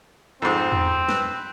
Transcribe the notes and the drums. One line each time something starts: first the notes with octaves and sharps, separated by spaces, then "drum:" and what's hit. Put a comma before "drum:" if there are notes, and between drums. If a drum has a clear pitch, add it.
F2 G#2 C4
drum: tom E2
B4, drum: snare